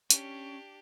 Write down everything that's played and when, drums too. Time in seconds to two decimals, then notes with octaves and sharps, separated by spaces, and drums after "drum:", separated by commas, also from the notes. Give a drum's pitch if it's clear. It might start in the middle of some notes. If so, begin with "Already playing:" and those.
0.10 C#4 D4 G4, drum: hi-hat